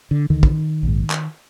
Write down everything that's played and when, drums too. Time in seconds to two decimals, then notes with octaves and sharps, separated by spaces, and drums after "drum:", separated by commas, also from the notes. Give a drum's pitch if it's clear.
0.11 D3
0.30 D2 D3 D#3
0.43 drum: kick
0.83 A#1 G#2
1.10 drum: clap